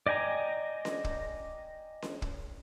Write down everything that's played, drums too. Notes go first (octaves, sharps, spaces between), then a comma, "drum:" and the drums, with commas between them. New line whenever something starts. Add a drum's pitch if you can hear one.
D5 D#5 G5 G#5 A#5
drum: snare C#4
drum: kick
drum: snare C#4
drum: kick